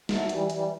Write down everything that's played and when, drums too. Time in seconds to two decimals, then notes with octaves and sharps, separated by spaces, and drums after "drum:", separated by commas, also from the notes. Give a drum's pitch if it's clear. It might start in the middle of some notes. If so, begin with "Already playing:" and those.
0.09 F#3 A3, drum: snare
0.29 E3 G3, drum: hi-hat
0.50 E3 G3, drum: hi-hat